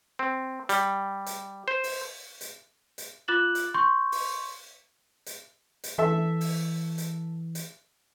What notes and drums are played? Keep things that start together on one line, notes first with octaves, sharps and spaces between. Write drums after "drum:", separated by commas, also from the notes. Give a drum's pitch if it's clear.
C4
G3, drum: hi-hat
drum: hi-hat
C5
drum: open hi-hat
drum: hi-hat
drum: hi-hat
F4 D6 F#6 A6 E7 F#7
drum: hi-hat
C6 C#6 G6
drum: open hi-hat
drum: hi-hat
drum: hi-hat
E3 A4 E5
drum: open hi-hat
drum: hi-hat
drum: hi-hat